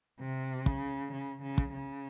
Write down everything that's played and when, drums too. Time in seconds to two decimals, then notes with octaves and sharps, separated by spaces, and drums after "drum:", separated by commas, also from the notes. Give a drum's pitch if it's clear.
0.20 C3
0.66 C#3, drum: kick
1.12 C#3
1.42 C#3
1.58 drum: kick
1.73 C#3